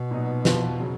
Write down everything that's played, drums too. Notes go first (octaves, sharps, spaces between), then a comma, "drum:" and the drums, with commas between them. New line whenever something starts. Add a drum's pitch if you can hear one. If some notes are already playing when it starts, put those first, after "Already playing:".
Already playing: B2
A#2 F#3 B3 D#4
F2 F3 B3 F4 B4, drum: snare
C#3 F#3 C#4